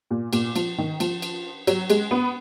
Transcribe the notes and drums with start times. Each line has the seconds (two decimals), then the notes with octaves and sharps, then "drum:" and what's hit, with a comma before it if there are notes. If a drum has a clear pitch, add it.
0.11 A#2
0.33 A#2, drum: cymbal
0.56 F3, drum: cymbal
0.78 D#3
1.00 F3, drum: cymbal
1.22 drum: cymbal
1.67 F#3, drum: cymbal
1.90 G#3, drum: cymbal
2.11 B3